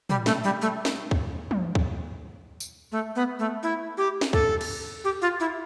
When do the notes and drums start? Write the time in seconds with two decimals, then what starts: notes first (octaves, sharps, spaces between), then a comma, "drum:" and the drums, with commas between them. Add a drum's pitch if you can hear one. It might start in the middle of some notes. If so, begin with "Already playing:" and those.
0.10 G3, drum: tom
0.26 A3, drum: snare
0.44 G3
0.62 A3
0.85 drum: snare
1.11 drum: kick
1.51 drum: tom
1.75 drum: kick
2.60 drum: tambourine
2.92 A3
3.16 B3
3.39 A3
3.63 E4
3.97 G4
4.21 drum: snare
4.33 A4, drum: kick
4.61 drum: cymbal
5.04 G4
5.22 F4
5.40 E4